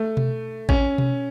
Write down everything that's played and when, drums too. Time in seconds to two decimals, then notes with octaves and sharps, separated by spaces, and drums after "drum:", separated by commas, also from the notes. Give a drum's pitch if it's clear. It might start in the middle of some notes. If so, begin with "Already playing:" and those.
Already playing: A3
0.17 drum: tom B2
0.69 C#4, drum: kick A1
0.98 drum: tom B2